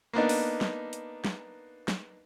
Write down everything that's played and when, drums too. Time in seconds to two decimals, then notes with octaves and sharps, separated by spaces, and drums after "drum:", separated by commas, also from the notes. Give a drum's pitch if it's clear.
0.13 A#3 B3 D4 D#4
0.29 drum: open hi-hat
0.61 drum: snare
0.93 drum: hi-hat
1.25 drum: snare
1.88 drum: snare